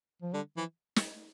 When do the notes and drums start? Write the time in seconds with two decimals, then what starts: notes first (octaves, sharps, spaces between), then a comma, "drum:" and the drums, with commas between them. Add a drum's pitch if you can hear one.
0.22 F3
0.33 D3 G3
0.57 E3 F3
0.96 drum: snare